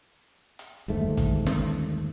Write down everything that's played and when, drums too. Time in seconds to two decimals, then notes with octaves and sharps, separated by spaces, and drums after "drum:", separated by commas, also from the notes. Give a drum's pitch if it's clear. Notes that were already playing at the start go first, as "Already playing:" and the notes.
0.59 drum: hi-hat
0.88 G1 D#2 G#2 A3
1.17 drum: kick, hi-hat
1.47 drum: snare